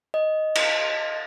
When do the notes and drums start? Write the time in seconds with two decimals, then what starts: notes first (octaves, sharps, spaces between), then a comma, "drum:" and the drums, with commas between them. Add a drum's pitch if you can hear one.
0.14 D#5
0.55 drum: cymbal